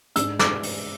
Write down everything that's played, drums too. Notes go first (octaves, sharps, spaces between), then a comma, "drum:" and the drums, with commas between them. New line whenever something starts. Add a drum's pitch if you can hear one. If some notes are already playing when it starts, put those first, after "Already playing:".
G#2 G#3 D4 E6, drum: hi-hat
D6, drum: snare
drum: open hi-hat